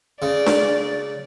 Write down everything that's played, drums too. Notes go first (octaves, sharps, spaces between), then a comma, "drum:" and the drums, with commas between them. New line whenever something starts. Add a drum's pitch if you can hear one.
C#3 D5
drum: snare D4